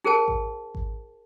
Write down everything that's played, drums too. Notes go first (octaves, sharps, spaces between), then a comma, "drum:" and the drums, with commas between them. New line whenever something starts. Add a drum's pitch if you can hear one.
D#4 G#4 A#4 C5 G5 A5
drum: kick G#1
drum: kick G#1